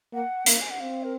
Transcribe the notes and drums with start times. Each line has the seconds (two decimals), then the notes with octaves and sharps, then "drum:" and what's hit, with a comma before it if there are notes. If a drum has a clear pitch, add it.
0.13 A#3 F#5
0.46 A#3 F5, drum: hi-hat
0.61 G#5
0.71 F#5
0.80 C4 F5
1.03 A#4